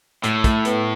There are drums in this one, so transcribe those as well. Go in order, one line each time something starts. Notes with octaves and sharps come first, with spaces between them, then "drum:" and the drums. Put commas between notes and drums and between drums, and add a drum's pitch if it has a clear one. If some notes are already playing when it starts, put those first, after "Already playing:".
A2 A3, drum: hi-hat
A3, drum: kick, hi-hat
B3, drum: hi-hat